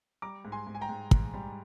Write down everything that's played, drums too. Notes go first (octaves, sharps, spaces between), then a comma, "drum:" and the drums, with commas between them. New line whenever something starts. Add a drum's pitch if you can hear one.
G3 A#5 D6
G#2
G#5 C6
G#2
G#5
G5 A#5
G#2
G#2, drum: kick
G3